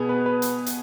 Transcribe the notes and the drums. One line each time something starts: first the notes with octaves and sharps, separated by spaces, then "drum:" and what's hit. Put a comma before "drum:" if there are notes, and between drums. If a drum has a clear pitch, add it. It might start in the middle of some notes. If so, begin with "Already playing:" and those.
Already playing: B2 B3 G#4
B4
B4
drum: hi-hat
drum: hi-hat